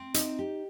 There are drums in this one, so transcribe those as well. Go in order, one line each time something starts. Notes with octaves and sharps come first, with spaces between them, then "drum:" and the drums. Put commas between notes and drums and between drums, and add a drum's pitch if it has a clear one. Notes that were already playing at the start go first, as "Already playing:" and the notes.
Already playing: C4
D#4, drum: hi-hat
G4